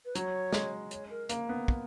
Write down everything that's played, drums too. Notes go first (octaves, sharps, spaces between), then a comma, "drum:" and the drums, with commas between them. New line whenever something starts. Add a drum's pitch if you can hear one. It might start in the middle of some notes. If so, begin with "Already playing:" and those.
B4
F#3 C#5, drum: hi-hat
G#3, drum: snare
C#5, drum: hi-hat
A#4
A#3, drum: hi-hat
B3
drum: kick